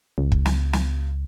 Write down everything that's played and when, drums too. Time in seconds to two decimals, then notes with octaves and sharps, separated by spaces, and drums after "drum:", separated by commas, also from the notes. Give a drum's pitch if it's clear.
0.18 C#2
0.32 drum: kick
0.46 drum: snare
0.73 drum: snare